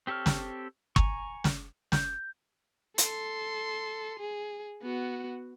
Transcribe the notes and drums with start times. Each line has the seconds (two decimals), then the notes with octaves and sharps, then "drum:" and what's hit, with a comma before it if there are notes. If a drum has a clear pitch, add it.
0.07 C4 G4 A4 C#5 F6
0.26 drum: snare
0.96 G#5 A#5 C#6, drum: kick G1
1.44 drum: snare
1.92 G6, drum: snare
2.98 A4 C6, drum: hi-hat
4.19 G#4
4.82 B3 F#4